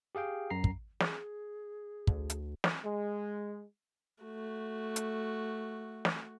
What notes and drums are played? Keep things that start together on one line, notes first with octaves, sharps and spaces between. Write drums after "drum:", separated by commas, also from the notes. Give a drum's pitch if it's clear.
G4 G#4 F5 G5
F#2 A#5 C7
drum: kick
G#4, drum: snare
D2, drum: kick
drum: hi-hat
drum: snare
G#3
A3 F#4
drum: hi-hat
drum: snare